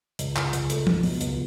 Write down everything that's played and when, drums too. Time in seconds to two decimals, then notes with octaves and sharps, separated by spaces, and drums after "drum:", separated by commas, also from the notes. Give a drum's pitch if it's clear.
0.19 C#2, drum: hi-hat
0.36 C#2, drum: clap
0.53 C#2, drum: hi-hat
0.70 A3, drum: hi-hat
0.87 C#2, drum: tom
1.03 B2, drum: open hi-hat
1.21 C#2, drum: hi-hat